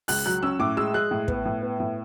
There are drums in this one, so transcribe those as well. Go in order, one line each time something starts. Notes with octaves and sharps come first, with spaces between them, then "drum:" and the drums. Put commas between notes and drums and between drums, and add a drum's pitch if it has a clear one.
C#2 F#6, drum: open hi-hat
F#3 F#6
C#4 E6
A2 D6
G#3 E6
G#3 F#6
A2
B3, drum: kick
A2
B3
A2